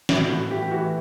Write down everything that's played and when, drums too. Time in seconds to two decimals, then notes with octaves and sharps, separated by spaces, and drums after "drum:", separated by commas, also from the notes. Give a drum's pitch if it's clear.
0.09 A2 E4, drum: snare
0.30 A2 F#4
0.50 E3 G4
0.71 E3 F#4